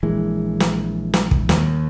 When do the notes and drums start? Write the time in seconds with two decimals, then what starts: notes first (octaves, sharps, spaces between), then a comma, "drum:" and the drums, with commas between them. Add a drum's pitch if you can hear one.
0.03 A#1 E3 G#3
0.60 drum: snare
1.14 drum: snare
1.31 drum: kick
1.49 D#2, drum: snare